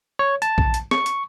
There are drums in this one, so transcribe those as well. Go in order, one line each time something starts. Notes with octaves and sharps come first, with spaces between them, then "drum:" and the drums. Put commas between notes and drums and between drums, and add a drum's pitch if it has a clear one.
C#5
A5, drum: hi-hat
drum: kick A#1
drum: hi-hat
C#6, drum: snare
drum: hi-hat